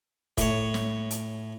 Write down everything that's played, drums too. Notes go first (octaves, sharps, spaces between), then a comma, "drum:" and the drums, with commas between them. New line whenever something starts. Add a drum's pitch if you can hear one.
A2 C#5, drum: kick, hi-hat
drum: snare
drum: hi-hat